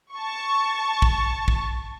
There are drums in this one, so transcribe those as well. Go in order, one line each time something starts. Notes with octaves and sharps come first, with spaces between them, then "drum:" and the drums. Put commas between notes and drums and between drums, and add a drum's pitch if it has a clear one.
A5 C#6
drum: kick
drum: kick